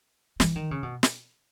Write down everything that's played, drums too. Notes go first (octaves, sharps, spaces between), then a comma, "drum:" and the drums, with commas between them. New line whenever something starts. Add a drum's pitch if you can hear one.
E3, drum: snare
D#3
C#3
B2
drum: snare